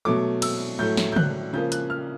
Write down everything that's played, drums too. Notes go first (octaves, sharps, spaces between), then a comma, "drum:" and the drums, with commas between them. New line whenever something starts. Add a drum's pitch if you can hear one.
B2 F#3 A3 D6
E6, drum: cymbal
A2 F#3 A3 G6
drum: snare
G6
F#6, drum: tom C#3
C#3 F3 A#3 G6
F#6, drum: hi-hat
F6